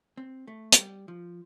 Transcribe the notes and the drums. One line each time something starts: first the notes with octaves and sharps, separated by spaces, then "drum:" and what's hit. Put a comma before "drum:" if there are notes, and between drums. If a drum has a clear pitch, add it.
C4
A3
F3, drum: hi-hat
G3
F3